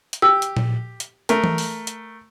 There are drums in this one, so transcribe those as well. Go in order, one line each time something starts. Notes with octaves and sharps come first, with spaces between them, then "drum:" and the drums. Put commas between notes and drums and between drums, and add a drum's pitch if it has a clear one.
drum: hi-hat
G4 E6
drum: hi-hat
drum: tom A#2
drum: hi-hat
A3 A#4, drum: hi-hat
drum: tom E3
drum: open hi-hat
drum: hi-hat